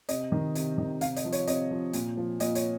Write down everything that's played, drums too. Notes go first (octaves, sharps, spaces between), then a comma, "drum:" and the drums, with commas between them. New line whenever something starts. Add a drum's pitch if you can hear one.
C3 D#5, drum: hi-hat
D#3
C3, drum: hi-hat
D#3
C3 F5, drum: hi-hat
D#5, drum: hi-hat
F3
C#5, drum: hi-hat
C3 D#5, drum: hi-hat
F3
A#2, drum: hi-hat
F3
A#2 D#5, drum: hi-hat
C#5, drum: hi-hat